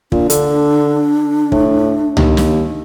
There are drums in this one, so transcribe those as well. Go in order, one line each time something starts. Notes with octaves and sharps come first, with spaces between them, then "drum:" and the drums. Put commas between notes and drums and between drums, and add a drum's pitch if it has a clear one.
A#2 D4, drum: kick
D3, drum: hi-hat
A2, drum: kick
D#2, drum: tom C#2
drum: snare